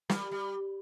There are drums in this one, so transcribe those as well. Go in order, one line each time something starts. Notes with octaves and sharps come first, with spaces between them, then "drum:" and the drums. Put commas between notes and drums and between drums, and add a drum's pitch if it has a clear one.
G3, drum: snare
G3